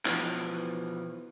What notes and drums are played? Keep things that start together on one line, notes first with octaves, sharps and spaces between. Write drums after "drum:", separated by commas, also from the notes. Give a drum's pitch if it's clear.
B2 E3 F3, drum: clap